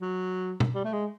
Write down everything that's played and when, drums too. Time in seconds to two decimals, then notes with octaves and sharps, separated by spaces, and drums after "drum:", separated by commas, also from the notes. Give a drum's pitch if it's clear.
0.01 F#3
0.60 drum: tom
0.74 G3
0.84 A3
0.93 G#3